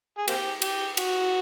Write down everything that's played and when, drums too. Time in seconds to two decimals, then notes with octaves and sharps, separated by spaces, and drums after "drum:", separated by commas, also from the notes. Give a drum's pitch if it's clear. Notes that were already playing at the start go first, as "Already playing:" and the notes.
0.18 G#4
0.28 A#3 C4 G4, drum: cymbal
0.62 G4, drum: cymbal
0.97 F#4, drum: cymbal